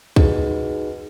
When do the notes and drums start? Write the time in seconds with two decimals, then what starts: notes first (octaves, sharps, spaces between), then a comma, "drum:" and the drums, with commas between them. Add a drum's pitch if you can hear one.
0.16 D#4 F#4 G#4 B4, drum: kick